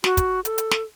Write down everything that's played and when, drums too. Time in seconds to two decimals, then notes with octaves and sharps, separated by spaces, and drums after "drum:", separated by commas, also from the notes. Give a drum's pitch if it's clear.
0.04 F#4, drum: snare
0.17 drum: kick, hi-hat
0.45 A4, drum: hi-hat
0.58 drum: hi-hat
0.71 drum: snare